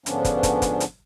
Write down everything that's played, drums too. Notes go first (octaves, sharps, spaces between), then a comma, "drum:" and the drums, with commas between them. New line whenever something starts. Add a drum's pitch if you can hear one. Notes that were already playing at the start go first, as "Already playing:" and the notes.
G#2 D3 F3 B3 C#4 D4, drum: hi-hat
drum: kick, hi-hat
drum: kick, hi-hat
drum: kick, hi-hat
drum: hi-hat